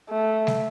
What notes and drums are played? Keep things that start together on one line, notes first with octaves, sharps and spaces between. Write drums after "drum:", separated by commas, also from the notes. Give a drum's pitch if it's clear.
A3
drum: snare G3